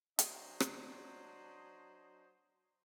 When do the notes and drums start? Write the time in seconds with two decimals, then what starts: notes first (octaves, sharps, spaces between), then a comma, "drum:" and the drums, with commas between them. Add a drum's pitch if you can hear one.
0.19 F#3 D4 C5 D#5, drum: hi-hat
0.60 drum: rim click